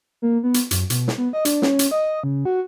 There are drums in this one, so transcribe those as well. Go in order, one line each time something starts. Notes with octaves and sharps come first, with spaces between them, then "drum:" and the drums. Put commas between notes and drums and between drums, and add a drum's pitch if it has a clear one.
A#3
B3
drum: hi-hat
F#2, drum: hi-hat
B2, drum: hi-hat
drum: snare
B3
D#5
D4, drum: hi-hat
C#4, drum: snare
drum: hi-hat
D#5
C#3
F#4